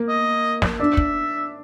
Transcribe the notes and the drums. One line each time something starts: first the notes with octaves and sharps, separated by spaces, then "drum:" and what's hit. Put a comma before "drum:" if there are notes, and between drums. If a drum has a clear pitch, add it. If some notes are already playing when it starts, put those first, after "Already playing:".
Already playing: A#3
D#5
drum: snare
D4 E5
drum: kick